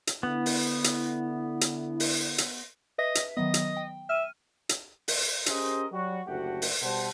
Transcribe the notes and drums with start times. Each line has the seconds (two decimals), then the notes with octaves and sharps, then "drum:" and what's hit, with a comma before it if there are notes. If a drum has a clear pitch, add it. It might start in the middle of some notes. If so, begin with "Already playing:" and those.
0.07 drum: hi-hat
0.23 D3 B3 E4
0.46 drum: open hi-hat
0.84 drum: hi-hat
1.61 drum: hi-hat
2.00 drum: open hi-hat
2.38 drum: hi-hat
2.98 B4 D#5 E5 B6
3.15 drum: hi-hat
3.37 D#3 F#3 B3 D#5
3.54 drum: hi-hat
3.77 G5
4.09 E5 F6 D#7
4.69 drum: hi-hat
5.08 drum: open hi-hat
5.46 C#4 G4 G#4 A#4 C5 D#5, drum: hi-hat
5.91 F#3 G3 F#4
6.27 F#1 D2 A3 F#4 G4 F#5
6.62 drum: open hi-hat
6.82 B2 G3 C5 F#5 A5